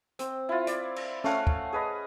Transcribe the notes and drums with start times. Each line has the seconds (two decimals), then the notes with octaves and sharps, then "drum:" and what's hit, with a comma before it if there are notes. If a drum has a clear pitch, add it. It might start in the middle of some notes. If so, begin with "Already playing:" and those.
0.19 C4, drum: hi-hat
0.49 E4 F4
0.67 D5, drum: hi-hat
0.96 drum: cymbal
1.24 A3 C#4 F5 F#5, drum: snare C#4
1.47 drum: kick
1.73 G#4 B4 D#5